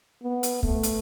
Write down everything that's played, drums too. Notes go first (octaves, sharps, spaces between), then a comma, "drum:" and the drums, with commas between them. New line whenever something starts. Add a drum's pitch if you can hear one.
B3
drum: hi-hat
A3, drum: kick
drum: hi-hat